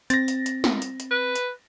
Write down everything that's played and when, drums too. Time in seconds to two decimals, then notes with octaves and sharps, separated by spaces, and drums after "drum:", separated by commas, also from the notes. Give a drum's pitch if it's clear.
0.10 C4 A6 A#6, drum: hi-hat
0.28 drum: hi-hat
0.46 drum: hi-hat
0.64 drum: snare
0.82 drum: hi-hat
1.00 drum: hi-hat
1.11 B4
1.36 drum: hi-hat